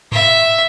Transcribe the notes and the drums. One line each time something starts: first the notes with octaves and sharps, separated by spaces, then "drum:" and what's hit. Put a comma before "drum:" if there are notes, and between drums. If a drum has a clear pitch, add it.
E5, drum: tom G#2